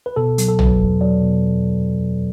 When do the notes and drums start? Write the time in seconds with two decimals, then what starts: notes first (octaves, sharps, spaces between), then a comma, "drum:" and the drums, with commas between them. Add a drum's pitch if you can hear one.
0.06 B4
0.16 B2 A4
0.38 F#3, drum: hi-hat
0.48 A4
0.59 F#3 B4, drum: tom
0.79 E2
1.01 F#3 D5
1.22 B2